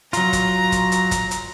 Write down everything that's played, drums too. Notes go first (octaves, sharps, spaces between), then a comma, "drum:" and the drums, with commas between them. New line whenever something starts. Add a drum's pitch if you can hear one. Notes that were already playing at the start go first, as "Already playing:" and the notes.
F#3 F4 A#5, drum: hi-hat
drum: kick, hi-hat
drum: kick, hi-hat
drum: hi-hat
drum: kick, hi-hat
drum: hi-hat